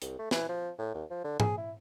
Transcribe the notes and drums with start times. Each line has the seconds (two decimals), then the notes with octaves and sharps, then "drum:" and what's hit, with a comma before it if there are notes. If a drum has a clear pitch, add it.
0.02 C2, drum: hi-hat
0.19 A3
0.31 E3, drum: snare
0.49 F3
0.78 A2
0.94 D#2
1.10 F3
1.24 D3
1.40 G#4, drum: tom G#2
1.57 E4